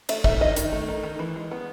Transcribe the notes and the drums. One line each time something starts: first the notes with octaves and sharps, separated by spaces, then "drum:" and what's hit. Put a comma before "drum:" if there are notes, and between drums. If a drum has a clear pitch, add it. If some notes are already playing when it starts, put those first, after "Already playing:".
A3 E5, drum: cymbal
D#4 E5, drum: kick
D#3 D#5
D#3, drum: hi-hat
A3
D#4
D#3
E3
G#3
B3